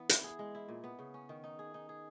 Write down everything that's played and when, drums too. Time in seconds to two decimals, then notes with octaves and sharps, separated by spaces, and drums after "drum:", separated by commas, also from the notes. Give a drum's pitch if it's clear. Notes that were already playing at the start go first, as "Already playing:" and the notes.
Already playing: E3 B3
0.09 E4, drum: hi-hat
0.24 G#4
0.39 G#3
0.55 E4
0.69 A#2
0.84 B3
0.99 C#3
1.14 C#4
1.29 D#3
1.44 D#4
1.59 G#4
1.74 D#4
1.89 G#4